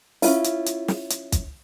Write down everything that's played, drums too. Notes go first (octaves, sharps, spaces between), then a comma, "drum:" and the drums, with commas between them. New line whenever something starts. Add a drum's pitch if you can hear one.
C#4 E4 F4, drum: open hi-hat
drum: hi-hat
drum: hi-hat
drum: snare
drum: hi-hat
drum: kick, hi-hat